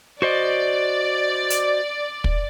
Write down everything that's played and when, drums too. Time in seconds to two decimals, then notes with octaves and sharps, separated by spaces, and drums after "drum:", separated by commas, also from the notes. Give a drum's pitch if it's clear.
0.22 F#4 C5 D5 D#5
1.50 drum: hi-hat
2.24 drum: kick